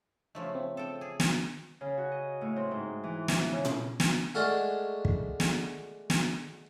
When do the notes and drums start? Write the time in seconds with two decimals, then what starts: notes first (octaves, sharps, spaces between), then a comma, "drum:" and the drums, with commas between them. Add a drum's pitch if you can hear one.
0.35 C#3 F3 A3
0.55 C4
0.77 A4 G5
1.01 G#4
1.20 drum: snare
1.81 C#3
1.98 F#4
2.12 D#5
2.41 A2
2.56 C4
2.71 G#2
3.04 E3
3.28 B3, drum: snare
3.52 C#3
3.65 drum: tom A#2
4.00 drum: snare
4.35 G#3 A3 D4 F#4 A4 F5
5.05 drum: kick
5.40 drum: snare
6.10 drum: snare